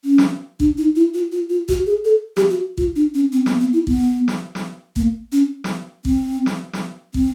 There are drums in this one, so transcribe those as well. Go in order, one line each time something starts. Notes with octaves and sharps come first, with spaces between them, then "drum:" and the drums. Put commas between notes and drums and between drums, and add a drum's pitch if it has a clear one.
C#4
drum: snare
D4, drum: kick
D#4
E4
F4
F4
F4
F#4, drum: kick
G#4
A4
G4, drum: snare
F#4
F4, drum: kick
D4
C#4
C4
B3, drum: snare
B3
E4
B3, drum: kick
drum: snare
drum: snare
A#3, drum: kick
C#4
drum: snare
C4, drum: kick
drum: snare
drum: snare
C4, drum: kick